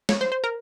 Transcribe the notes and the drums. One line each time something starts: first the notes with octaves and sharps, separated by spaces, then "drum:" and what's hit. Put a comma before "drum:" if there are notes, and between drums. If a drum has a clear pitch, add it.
C#5, drum: snare
C5
C5
A#4